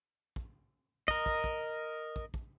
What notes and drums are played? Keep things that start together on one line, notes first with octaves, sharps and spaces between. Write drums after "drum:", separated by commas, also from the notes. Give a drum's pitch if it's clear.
drum: kick
A#4 D#5, drum: kick
drum: kick
drum: kick
drum: kick
drum: kick